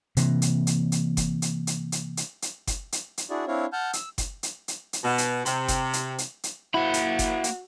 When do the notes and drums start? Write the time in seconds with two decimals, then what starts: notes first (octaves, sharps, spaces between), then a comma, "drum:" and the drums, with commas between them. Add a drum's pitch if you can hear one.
0.17 C3 E3 A#3, drum: hi-hat
0.42 drum: hi-hat
0.67 drum: hi-hat
0.92 drum: hi-hat
1.17 drum: kick F#1, hi-hat
1.42 drum: hi-hat
1.67 drum: hi-hat
1.92 drum: hi-hat
2.17 drum: hi-hat
2.42 drum: hi-hat
2.67 drum: kick F#1, hi-hat
2.92 drum: hi-hat
3.18 drum: hi-hat
3.30 D4 E4 F#4 G#4 D5
3.48 C4 D4 E4 C#5 F5
3.73 F#5 A5 F6 G6
3.93 E6, drum: hi-hat
4.18 drum: kick F#1, hi-hat
4.43 drum: hi-hat
4.68 drum: hi-hat
4.93 drum: hi-hat
5.04 B2
5.18 drum: hi-hat
5.46 C3, drum: hi-hat
5.68 drum: kick F#1, hi-hat
5.93 drum: hi-hat
6.18 drum: hi-hat
6.43 drum: hi-hat
6.74 A#3 E4 F#4 B5
6.94 drum: hi-hat
7.19 drum: kick F#1, hi-hat
7.44 drum: hi-hat